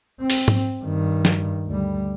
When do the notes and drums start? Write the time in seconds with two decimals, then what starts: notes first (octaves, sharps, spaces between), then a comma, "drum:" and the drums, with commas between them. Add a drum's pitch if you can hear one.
0.20 C4
0.30 drum: open hi-hat
0.48 drum: tom G#2
0.83 G2 D#3
1.25 drum: snare
1.67 D2 G3